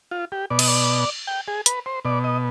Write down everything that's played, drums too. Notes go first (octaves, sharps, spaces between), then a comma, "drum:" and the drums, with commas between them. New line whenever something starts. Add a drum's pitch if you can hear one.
F4
G4
B2 D5
D#5, drum: cymbal
D5
G5
G#4
B4, drum: hi-hat
C5
B2 D5
D#5